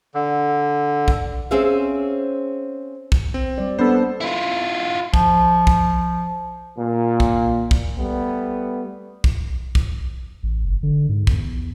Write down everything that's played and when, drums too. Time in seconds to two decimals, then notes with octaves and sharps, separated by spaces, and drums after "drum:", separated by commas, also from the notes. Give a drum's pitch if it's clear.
0.15 D3
1.08 drum: kick
1.51 C4 C#4 G#4 E5 F5
3.12 drum: kick
3.34 C4
3.58 G3 D5
3.79 A#3 B3 D4 A4 C5
4.21 E4 F4
5.14 F3, drum: kick
5.67 drum: kick
6.78 A#2
7.20 drum: kick
7.71 drum: kick
7.98 G3 A3 B3
9.24 drum: kick
9.75 drum: kick
10.43 A1
10.65 F#1
10.83 D3
11.09 G#2
11.27 E2, drum: kick